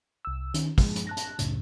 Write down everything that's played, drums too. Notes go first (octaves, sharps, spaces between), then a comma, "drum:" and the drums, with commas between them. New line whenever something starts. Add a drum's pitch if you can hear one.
C2 E6
D#3 C#4, drum: hi-hat
F3 G#3, drum: kick, open hi-hat
drum: hi-hat
A5 F#6 A#6
drum: hi-hat
C#2 F#2 A2 C#3, drum: hi-hat